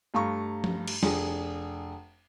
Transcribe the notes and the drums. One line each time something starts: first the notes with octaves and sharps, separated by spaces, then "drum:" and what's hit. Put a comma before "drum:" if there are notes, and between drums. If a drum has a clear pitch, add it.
G2 A3 F5 A#5 C#6
drum: tom F3
drum: cymbal
F1 D4 G#4, drum: snare